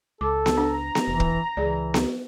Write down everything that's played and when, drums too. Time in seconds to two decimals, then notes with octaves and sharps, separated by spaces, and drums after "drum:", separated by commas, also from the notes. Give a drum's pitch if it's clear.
0.21 C#2 A4 D6
0.46 drum: snare B3
0.57 D4 A#5
0.95 drum: snare B3
1.08 F1 E3
1.20 drum: kick
1.57 C#2 E3 G#4 D5
1.94 drum: snare B3